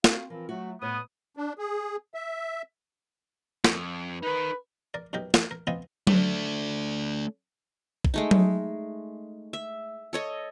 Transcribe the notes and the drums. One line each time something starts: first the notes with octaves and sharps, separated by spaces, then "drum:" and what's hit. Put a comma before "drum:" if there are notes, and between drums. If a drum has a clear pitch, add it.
C4 F#4 F5, drum: snare
E3 F3 C4 A#4
F#3 A3 F#4
A2 B3 B4 C#5 D#6
D4
G#4
E5
F2, drum: snare
D#4 A#4 B4
A#4 D5
F#2 B2 D#4 G4 A#4
F3, drum: snare
A#4
B3 C4 F4 B4 D#5 G#5
A3 D4, drum: tom F#3
drum: kick
G#3 A3 D#4
drum: tom F#3
E5
A4 C#5 D#5